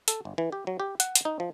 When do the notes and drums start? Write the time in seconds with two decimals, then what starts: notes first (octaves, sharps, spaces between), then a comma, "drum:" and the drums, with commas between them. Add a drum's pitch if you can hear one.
0.08 A4, drum: hi-hat
0.25 G1
0.38 E3
0.52 G4
0.67 F#3
0.80 G4
1.00 F#5, drum: hi-hat
1.15 drum: hi-hat
1.25 D#4
1.40 F3